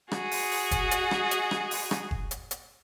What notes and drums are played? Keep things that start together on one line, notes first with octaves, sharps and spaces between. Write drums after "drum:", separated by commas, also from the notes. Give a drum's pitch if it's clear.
F#4 G#4 D#5, drum: rim click
drum: open hi-hat
drum: open hi-hat
drum: kick, hi-hat
drum: hi-hat
drum: rim click
drum: hi-hat
drum: rim click
drum: open hi-hat
drum: rim click
drum: kick
drum: hi-hat
drum: hi-hat